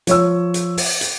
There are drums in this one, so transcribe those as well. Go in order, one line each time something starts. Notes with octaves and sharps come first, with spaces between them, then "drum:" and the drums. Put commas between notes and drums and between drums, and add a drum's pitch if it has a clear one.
F3 C#5 E6, drum: hi-hat
drum: hi-hat
drum: open hi-hat
drum: hi-hat